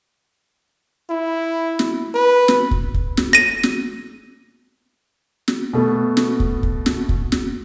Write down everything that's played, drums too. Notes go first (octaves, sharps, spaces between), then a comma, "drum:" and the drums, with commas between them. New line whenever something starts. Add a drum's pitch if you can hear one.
E4
drum: snare
B4
drum: snare
drum: kick
drum: kick
drum: snare
A#6 D#7
drum: snare
drum: snare
B2 A3 B3
drum: snare
drum: kick
drum: kick
drum: snare
drum: kick
drum: snare